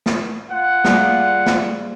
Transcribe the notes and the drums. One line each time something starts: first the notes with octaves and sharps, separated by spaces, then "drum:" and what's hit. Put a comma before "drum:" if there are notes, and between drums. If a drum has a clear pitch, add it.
drum: snare
F4 F#5
G3 A#3 G#4, drum: snare
drum: snare